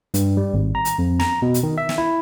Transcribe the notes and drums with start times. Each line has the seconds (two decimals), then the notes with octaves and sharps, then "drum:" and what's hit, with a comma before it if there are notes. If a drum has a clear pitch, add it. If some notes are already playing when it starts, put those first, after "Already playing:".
0.14 G2, drum: hi-hat
0.37 G3
0.54 G#1
0.75 A#5
0.85 drum: hi-hat
0.99 F2
1.20 A#5, drum: snare
1.42 B2
1.54 drum: hi-hat
1.63 D#3
1.78 E5
1.89 drum: snare
1.98 E4